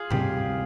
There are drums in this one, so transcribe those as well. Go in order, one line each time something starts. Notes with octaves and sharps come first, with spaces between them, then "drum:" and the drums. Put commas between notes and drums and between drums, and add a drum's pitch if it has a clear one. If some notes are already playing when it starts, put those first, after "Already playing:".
Already playing: F4 G#4
D2 C3 G3 G4, drum: tom G2